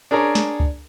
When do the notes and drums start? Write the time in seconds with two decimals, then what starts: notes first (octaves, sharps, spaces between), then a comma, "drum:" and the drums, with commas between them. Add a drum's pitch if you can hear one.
0.11 D4 G#4 A#4 C#5 A#5
0.35 drum: snare
0.60 drum: kick C#2